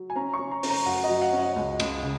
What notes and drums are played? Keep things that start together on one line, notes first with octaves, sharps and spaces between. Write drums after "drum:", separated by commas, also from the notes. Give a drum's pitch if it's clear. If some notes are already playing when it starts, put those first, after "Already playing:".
Already playing: F#3
G#5
C#4 A#5
C#6
C#4
A#5
C#4, drum: open hi-hat
A#5
F#2 F#5
D#5
F#3
F#5
C#4
D#5
C#2
C#2, drum: cymbal
C#3